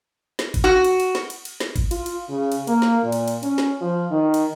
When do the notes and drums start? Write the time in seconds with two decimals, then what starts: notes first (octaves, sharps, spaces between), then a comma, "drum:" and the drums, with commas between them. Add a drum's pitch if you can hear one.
0.39 drum: snare
0.54 drum: kick G#1, cymbal
0.64 F#4
0.84 drum: cymbal
1.00 drum: cymbal
1.15 drum: snare
1.30 drum: cymbal
1.45 drum: cymbal
1.60 drum: snare
1.76 drum: kick G#1, cymbal
1.91 F4, drum: cymbal
2.06 drum: cymbal
2.29 C#3
2.52 drum: cymbal
2.67 A#3, drum: cymbal
2.82 drum: snare
3.03 A#2
3.12 drum: cymbal
3.28 drum: cymbal
3.43 C#4, drum: cymbal
3.58 drum: snare
3.81 F3
4.11 D#3
4.34 drum: cymbal